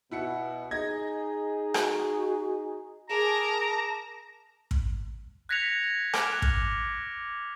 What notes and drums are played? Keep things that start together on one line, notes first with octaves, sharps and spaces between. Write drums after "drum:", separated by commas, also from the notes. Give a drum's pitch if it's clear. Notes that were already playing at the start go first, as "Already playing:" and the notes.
B2 E4 F#4 C#7
D#4 G#4 D#5 G#6 A#6
F#4, drum: rim click
G#4 A#4 A5 A#5 D6
drum: kick
F#6 G#6 A#6 B6 C#7 F7
D6 F6 D7, drum: rim click
F#6
drum: kick